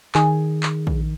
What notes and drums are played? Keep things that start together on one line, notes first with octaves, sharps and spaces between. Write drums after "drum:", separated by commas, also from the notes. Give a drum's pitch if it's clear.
D#3 G#4, drum: clap
drum: clap
drum: kick A#1